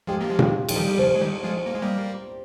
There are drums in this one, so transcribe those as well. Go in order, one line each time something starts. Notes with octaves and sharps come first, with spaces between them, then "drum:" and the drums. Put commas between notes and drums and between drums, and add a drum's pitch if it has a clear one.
F3 G#3 G4
A#3
F3 G#3
F4, drum: tom A#2
F3 G4, drum: cymbal
D#3 G3
G3
C#3 F3 C5
G#3
D#3 G3
F3 G#3
A#3
G#3
G3 A#3